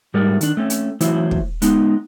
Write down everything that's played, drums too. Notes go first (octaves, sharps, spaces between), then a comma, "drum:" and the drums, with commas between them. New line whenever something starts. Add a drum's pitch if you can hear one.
G#2 G3 A3 A#4 D5
D#3 D4, drum: hi-hat
A3 C4 C#4
drum: hi-hat
E3 F#3 A3 E4 C5, drum: hi-hat
drum: kick
G#3 B3 D#4, drum: hi-hat